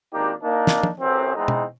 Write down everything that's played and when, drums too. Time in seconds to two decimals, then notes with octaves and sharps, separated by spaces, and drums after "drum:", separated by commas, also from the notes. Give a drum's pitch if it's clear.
0.13 G#1 D#2 A#3 D4 D#4 G4
0.42 A#3 D4 D#4
0.67 drum: snare
0.83 drum: tom
1.00 A1 F#2 C4
1.36 E2 G#3 B3 C4 D#4
1.48 drum: tom B2